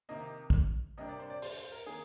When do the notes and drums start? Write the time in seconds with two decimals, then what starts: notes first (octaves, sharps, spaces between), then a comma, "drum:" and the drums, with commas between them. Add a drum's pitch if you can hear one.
0.09 C3 D#3 A#3 D#5
0.50 drum: kick A#1
0.97 C3 G3 A#3 D4 D#5
1.09 D5
1.19 C5
1.30 D5
1.42 C5, drum: open hi-hat
1.57 C5
1.72 A#4
1.86 D#3 A#3 G#4